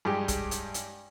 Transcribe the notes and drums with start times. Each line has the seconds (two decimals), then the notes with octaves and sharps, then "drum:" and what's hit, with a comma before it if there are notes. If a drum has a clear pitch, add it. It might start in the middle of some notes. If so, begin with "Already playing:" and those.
0.05 G2 G#3 G4
0.28 drum: kick, hi-hat
0.51 drum: hi-hat
0.74 drum: hi-hat